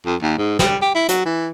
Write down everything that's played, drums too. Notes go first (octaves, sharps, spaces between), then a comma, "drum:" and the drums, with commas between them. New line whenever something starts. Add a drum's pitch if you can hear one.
F2
D#2
G#2
G3, drum: snare
G4
E4
F#3, drum: hi-hat
E3